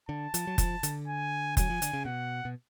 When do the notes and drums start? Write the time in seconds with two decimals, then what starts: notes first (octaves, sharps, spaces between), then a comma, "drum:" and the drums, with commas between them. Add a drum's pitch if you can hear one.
0.09 D3 A5
0.34 F3, drum: hi-hat
0.47 F#3
0.58 F3, drum: kick F1, hi-hat
0.83 D3, drum: hi-hat
1.07 G#5
1.57 F#3 G#5, drum: kick F1, hi-hat
1.70 F3
1.82 D3, drum: hi-hat
1.93 C#3
2.05 B2 F#5
2.45 B2